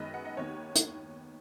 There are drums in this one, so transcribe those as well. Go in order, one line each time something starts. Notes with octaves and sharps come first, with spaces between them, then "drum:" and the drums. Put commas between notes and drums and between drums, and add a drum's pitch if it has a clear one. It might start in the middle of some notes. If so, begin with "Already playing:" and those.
Already playing: F#2 D#3 G#3 B3 B4 D#5
F#5
D#5
D#2 D#3 B3 C#5
drum: hi-hat